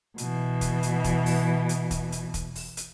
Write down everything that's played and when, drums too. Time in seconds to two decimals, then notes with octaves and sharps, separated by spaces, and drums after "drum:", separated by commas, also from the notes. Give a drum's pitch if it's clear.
0.18 B2 E3, drum: hi-hat
0.61 drum: kick, hi-hat
0.83 drum: hi-hat
1.04 drum: kick, hi-hat
1.26 drum: open hi-hat
1.69 drum: hi-hat
1.91 drum: kick, hi-hat
2.12 drum: hi-hat
2.34 drum: kick, hi-hat
2.55 drum: open hi-hat
2.77 drum: hi-hat